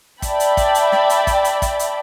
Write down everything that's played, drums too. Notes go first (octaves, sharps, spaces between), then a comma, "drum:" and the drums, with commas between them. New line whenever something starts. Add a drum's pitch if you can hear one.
D5 E5 G5 A5 B5, drum: kick, hi-hat
drum: hi-hat
drum: kick, hi-hat
drum: hi-hat
drum: snare
drum: hi-hat
drum: kick, hi-hat
drum: hi-hat
drum: kick, hi-hat
drum: hi-hat